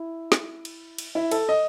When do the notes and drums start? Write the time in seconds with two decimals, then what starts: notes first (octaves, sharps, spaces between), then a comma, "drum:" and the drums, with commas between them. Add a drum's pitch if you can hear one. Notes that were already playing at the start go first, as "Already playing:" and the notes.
Already playing: E4
0.32 drum: snare
0.65 drum: cymbal
0.98 drum: cymbal
1.15 E4
1.31 A4, drum: cymbal
1.49 D#5